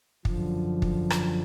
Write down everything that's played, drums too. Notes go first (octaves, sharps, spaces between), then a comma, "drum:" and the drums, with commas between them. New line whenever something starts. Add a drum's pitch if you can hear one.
F#2 D3 F3, drum: kick
drum: kick
drum: rim click